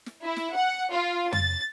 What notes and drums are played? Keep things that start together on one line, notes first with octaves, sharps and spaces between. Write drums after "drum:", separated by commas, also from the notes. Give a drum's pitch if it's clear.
drum: snare
E4
drum: snare
F#5
F4
A6, drum: tom F2